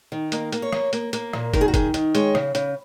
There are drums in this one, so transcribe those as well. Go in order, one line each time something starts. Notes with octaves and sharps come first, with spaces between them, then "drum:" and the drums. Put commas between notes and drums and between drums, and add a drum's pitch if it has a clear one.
D#3
A#3 D#5, drum: hi-hat
A#3, drum: hi-hat
C#5
A#3, drum: rim click
A#3, drum: hi-hat
A#3, drum: hi-hat
A#2, drum: rim click
D#3 A#4, drum: kick, hi-hat
G#4
F#4
D#3 G#4, drum: kick, hi-hat
D#3, drum: hi-hat
G#3 C#5, drum: hi-hat
C#3, drum: rim click
C#3, drum: hi-hat